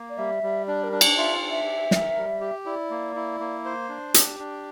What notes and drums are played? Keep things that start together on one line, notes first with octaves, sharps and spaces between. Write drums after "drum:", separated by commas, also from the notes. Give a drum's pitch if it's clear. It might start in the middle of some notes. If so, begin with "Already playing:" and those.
Already playing: A#3
D5
G3 E5
G3
D4 D5
A#4
D4
D5, drum: cymbal
D5
F4 E5
D4
E5
G4
A#4, drum: snare
G3
G4
E4 D5
A#3
E4
A#3
C5
D4
G4, drum: hi-hat
D4